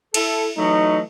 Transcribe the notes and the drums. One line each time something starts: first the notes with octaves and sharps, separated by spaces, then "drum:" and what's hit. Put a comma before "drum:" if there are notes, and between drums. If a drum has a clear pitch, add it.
E4 A4, drum: cymbal
E3 F#3 A3 D#4